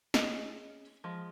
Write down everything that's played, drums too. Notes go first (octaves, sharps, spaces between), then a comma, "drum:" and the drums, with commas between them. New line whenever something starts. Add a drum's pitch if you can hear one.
C#4 G#4 D#5, drum: snare
F3 G#3